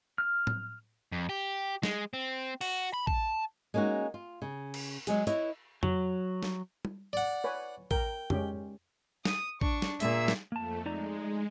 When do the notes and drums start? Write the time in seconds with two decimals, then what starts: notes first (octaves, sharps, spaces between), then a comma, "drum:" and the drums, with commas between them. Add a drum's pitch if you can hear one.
0.18 F6
0.47 drum: tom
1.12 F2
1.29 G4
1.83 G#3, drum: snare
2.13 C4
2.61 F#4, drum: open hi-hat
2.94 B5
3.07 A5, drum: kick
3.74 G#3 A#3 C#4 D#4 F#4
4.14 F4
4.42 C#3
4.74 drum: cymbal
5.07 F#3 G#3 G#4, drum: hi-hat
5.27 E4 B4 C#5 D#5, drum: hi-hat
5.83 F#3, drum: tom F2
6.43 drum: snare
6.85 drum: tom
7.13 D5 F#5
7.44 B4 C#5 G#5
7.91 A#4 G5, drum: kick
8.30 G#3 C#4 G4, drum: tom F2
9.25 D#6, drum: snare
9.61 D4 C#6, drum: kick
9.82 drum: snare
10.00 A#2 G#4 E5 E6, drum: hi-hat
10.28 drum: snare
10.52 F2 A3 A#3 A5
10.86 G#3 D#4 D5 A#5